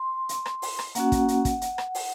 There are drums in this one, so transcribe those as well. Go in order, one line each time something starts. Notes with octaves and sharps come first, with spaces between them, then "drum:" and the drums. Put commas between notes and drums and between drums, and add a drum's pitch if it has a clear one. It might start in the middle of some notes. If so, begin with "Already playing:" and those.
Already playing: C6
drum: hi-hat
drum: rim click
drum: open hi-hat
drum: rim click
A#3 C#4 F#4 F#5, drum: hi-hat
drum: kick, hi-hat
drum: hi-hat
drum: kick, hi-hat
drum: hi-hat
drum: rim click
drum: open hi-hat